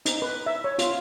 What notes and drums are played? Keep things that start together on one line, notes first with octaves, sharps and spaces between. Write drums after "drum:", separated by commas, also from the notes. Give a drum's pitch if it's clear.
D#4, drum: hi-hat
B4
E5
C#5
F4, drum: hi-hat